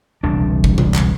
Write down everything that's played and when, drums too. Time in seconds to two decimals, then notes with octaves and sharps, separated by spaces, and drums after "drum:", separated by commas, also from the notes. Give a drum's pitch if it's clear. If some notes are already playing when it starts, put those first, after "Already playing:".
0.23 E1 C2 C#3 D4
0.64 drum: kick
0.78 drum: tom C3
0.94 drum: clap